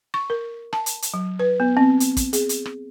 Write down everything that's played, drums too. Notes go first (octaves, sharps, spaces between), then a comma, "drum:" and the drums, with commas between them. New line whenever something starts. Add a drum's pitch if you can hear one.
C#6
A#4
A5, drum: rim click
drum: hi-hat
drum: hi-hat
F#3
B4
B3
C4
drum: hi-hat
drum: kick, hi-hat
G#4, drum: hi-hat
drum: hi-hat
drum: rim click